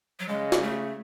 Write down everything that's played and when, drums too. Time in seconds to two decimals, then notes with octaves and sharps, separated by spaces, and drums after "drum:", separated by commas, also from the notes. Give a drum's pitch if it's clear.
0.20 F#3
0.28 C#3 G#3
0.52 drum: snare
0.63 A3